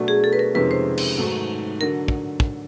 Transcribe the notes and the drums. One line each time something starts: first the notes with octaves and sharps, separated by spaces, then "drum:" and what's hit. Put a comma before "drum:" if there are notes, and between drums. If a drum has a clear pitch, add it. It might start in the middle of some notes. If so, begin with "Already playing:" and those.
Already playing: B2 F#3 A3 D4
G#4
A4
B4
A#4
F2 C3 D#3 G#3 C#4 B4
C5
drum: cymbal
G#2 D#3 F#3 A3
D3 F#3 A#4
drum: kick
drum: kick